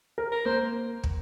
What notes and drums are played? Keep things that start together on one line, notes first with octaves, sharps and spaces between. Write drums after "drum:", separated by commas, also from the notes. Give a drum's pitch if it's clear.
A#4
A#4
A#3 C5
drum: kick